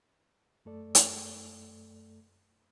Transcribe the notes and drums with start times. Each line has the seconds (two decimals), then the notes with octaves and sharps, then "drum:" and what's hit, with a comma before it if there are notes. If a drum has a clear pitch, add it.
0.65 F#2 A3 A4 D5
0.95 drum: hi-hat